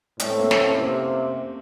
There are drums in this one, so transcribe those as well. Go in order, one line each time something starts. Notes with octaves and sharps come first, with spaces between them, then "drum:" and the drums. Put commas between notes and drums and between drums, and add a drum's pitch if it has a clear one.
A2 A3, drum: hi-hat
C4
A#3
C#4, drum: snare
C4
C4
C3 A#3